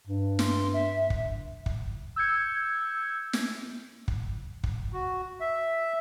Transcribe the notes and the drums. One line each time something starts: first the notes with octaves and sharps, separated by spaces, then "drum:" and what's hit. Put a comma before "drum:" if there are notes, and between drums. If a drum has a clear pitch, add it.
G2
C6, drum: snare
E5
drum: kick
drum: kick
E6 G6 G#6 C#7
drum: snare
drum: kick
drum: kick
F#4
E5